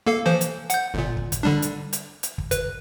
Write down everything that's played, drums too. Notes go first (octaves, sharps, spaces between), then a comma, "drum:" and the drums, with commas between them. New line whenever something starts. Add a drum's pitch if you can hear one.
A#3 A4 F5
E3 F3 C5
drum: hi-hat
F#5 G6, drum: hi-hat
G1 A#2
drum: kick
drum: kick, hi-hat
D3 G3 D4
drum: hi-hat
drum: hi-hat
drum: hi-hat
drum: kick
B4, drum: kick, hi-hat